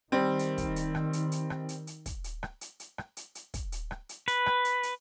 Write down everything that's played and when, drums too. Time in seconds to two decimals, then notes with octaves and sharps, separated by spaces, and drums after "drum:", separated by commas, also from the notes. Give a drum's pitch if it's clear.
0.12 D#3 G3 C4
0.39 drum: hi-hat
0.58 drum: kick, hi-hat
0.76 drum: hi-hat
0.95 drum: rim click
1.13 drum: hi-hat
1.32 drum: hi-hat
1.50 drum: rim click
1.69 drum: hi-hat
1.87 drum: hi-hat
2.06 drum: kick, hi-hat
2.24 drum: hi-hat
2.43 drum: rim click
2.61 drum: hi-hat
2.80 drum: hi-hat
2.98 drum: rim click
3.17 drum: hi-hat
3.35 drum: hi-hat
3.54 drum: kick, hi-hat
3.72 drum: hi-hat
3.91 drum: rim click
4.09 drum: hi-hat
4.28 B4, drum: hi-hat
4.46 drum: rim click
4.65 drum: hi-hat
4.83 drum: hi-hat